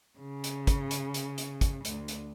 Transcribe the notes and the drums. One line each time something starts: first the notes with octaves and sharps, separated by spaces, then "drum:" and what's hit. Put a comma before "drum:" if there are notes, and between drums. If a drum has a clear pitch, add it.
C#3
drum: hi-hat
drum: kick, hi-hat
drum: hi-hat
drum: hi-hat
drum: hi-hat
drum: kick, hi-hat
D2, drum: hi-hat
drum: hi-hat